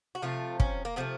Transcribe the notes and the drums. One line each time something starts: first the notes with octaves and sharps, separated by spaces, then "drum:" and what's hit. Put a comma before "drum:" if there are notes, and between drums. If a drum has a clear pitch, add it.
F#4
C3 F3 A3 F4
C#4, drum: kick
A#3
C3 F3 A3 B3